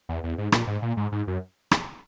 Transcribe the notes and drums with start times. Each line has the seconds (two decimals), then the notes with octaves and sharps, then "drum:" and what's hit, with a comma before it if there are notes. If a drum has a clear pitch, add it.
0.09 E2
0.24 E2
0.38 G#2
0.52 A#2, drum: rim click
0.67 G#2
0.82 A#2
0.97 G#2
1.12 G#2
1.27 F#2
1.71 drum: rim click